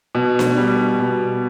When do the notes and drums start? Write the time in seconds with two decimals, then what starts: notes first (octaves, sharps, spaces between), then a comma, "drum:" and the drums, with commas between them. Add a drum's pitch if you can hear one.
0.15 B2
0.39 drum: snare D4
0.57 G3
1.00 B2